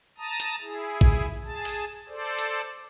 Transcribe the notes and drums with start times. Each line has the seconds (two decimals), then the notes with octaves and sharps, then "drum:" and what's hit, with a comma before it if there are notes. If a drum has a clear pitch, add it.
0.18 A5 A#5 D#6
0.40 drum: hi-hat
0.61 E4 G#4
1.01 drum: kick A1
1.44 G#4 A5
1.65 drum: open hi-hat
2.08 A4 C5 D5
2.39 drum: hi-hat